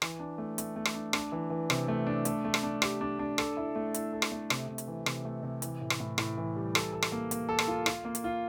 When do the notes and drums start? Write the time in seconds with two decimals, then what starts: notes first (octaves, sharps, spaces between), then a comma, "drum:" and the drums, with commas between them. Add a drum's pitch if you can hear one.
0.02 E3, drum: rim click
0.20 D4
0.38 A3
0.58 A3, drum: hi-hat
0.76 A3
0.85 drum: rim click
0.95 D4
1.13 D4, drum: rim click
1.32 E3
1.50 E3
1.70 C3, drum: rim click
1.88 A3
2.07 D4
2.25 A3, drum: hi-hat
2.45 A3
2.54 drum: rim click
2.63 D4
2.82 G4, drum: rim click
3.01 D4
3.19 D4
3.38 A4, drum: rim click
3.57 E4
3.75 A3
3.94 E4, drum: hi-hat
4.13 A4
4.22 drum: rim click
4.32 A3
4.50 C3, drum: rim click
4.68 C3
4.78 drum: hi-hat
4.87 E3
5.06 C3, drum: rim click
5.25 A3
5.43 C3
5.62 E3, drum: hi-hat
5.81 A2
5.90 drum: rim click
6.00 A2
6.18 A2, drum: rim click
6.38 E3
6.56 G3
6.75 A4, drum: rim click
6.93 A4
7.02 drum: rim click
7.12 A#3
7.31 A#3, drum: hi-hat
7.49 A4
7.59 drum: rim click
7.68 F4
7.86 F4, drum: rim click
8.05 A#3
8.15 drum: hi-hat
8.24 F4